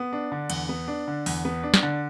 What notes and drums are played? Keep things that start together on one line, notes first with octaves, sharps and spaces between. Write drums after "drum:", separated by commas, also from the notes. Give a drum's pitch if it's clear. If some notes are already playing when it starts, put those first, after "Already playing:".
Already playing: B3
D4
D3
E2, drum: cymbal
B3
D4
D3
E2, drum: open hi-hat
B3
D4
drum: snare
D3